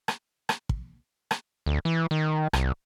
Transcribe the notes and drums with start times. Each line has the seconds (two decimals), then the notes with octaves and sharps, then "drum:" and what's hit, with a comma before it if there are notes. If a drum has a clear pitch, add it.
0.08 drum: rim click
0.49 drum: rim click
0.69 drum: kick
1.31 drum: rim click
1.66 D2
1.85 E3
2.11 D#3
2.53 C2, drum: rim click